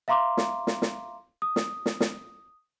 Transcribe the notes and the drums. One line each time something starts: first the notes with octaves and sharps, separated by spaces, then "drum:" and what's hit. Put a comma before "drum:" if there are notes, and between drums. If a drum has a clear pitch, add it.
E5 F5 A#5 C6 D6
drum: snare
drum: snare
drum: snare
D#6
drum: snare
drum: snare
drum: snare